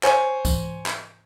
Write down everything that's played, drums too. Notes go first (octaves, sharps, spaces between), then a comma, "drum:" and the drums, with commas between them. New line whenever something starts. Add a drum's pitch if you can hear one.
C5 C#5 G#5, drum: clap
drum: kick C2, tambourine
drum: clap